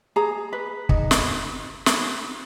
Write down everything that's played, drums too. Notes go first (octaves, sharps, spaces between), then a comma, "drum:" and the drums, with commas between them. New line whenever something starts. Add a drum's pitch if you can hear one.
G#4 A#5
B4
D#4, drum: kick
drum: snare
drum: snare